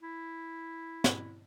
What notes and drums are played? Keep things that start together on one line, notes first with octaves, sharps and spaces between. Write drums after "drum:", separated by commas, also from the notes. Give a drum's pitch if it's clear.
E4
drum: snare